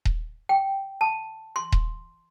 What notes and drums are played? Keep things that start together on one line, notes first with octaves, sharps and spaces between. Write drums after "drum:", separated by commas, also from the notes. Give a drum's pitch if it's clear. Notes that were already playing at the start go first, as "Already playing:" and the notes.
drum: kick D#1
G5
A5
C6
drum: kick D#1